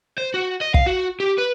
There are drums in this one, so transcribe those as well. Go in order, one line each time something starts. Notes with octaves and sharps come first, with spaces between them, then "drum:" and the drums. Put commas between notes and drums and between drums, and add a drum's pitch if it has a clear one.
C5
F#4
D#5
F5, drum: kick
F#4
G4
B4